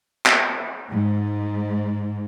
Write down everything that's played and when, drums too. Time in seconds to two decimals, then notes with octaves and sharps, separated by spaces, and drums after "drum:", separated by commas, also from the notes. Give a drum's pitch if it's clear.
0.26 drum: clap
0.91 G#2